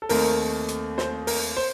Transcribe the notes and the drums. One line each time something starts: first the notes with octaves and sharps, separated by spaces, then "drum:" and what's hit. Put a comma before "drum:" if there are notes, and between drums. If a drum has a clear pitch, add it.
A4
D#2 D#3 A3 C4 A#4, drum: open hi-hat
drum: hi-hat
C5, drum: snare
A#4, drum: open hi-hat
C5